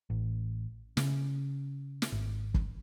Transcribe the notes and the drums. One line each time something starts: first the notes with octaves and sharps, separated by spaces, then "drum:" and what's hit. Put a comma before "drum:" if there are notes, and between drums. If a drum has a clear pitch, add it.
A1
C#3, drum: snare
drum: snare
G#1
drum: kick